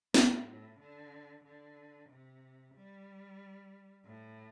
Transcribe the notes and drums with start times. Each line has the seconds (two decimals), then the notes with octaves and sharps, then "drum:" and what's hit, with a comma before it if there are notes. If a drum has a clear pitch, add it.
0.14 A2, drum: snare
0.47 A2
0.80 D3
1.44 D3
2.09 C3
2.75 G3
4.05 A2